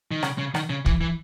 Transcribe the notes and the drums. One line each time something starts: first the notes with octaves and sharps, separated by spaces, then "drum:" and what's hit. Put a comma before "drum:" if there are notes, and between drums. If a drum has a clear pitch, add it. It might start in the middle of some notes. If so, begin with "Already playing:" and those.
D#3
C#3, drum: rim click
C#3
D#3, drum: rim click
C#3
E3, drum: kick
E3